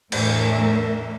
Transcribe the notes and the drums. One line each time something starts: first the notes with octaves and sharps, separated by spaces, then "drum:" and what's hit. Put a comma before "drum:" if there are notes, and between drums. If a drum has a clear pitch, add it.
E2 A2 A3 D4 A#4 E5, drum: cymbal